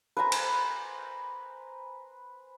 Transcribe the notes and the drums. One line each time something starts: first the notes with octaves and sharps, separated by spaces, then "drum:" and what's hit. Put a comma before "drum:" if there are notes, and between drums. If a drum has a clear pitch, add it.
B4 C5 G#5 A#5
drum: cymbal